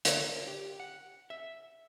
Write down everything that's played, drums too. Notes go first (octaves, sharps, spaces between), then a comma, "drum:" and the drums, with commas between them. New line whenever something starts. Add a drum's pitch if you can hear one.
D3, drum: hi-hat
A#4
G4
F#5
E5